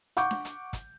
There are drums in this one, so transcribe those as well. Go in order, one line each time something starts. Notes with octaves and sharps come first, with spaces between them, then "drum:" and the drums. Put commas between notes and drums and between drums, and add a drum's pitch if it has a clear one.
F#5 C#6 D6 G6, drum: hi-hat
drum: snare D4
drum: hi-hat
drum: kick, hi-hat